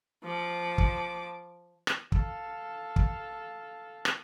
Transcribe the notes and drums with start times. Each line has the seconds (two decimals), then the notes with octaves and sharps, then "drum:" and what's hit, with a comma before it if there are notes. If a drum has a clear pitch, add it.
0.24 F3 D6
0.78 drum: kick
1.87 drum: rim click
2.12 A4 F5, drum: kick
2.96 drum: kick
4.05 drum: rim click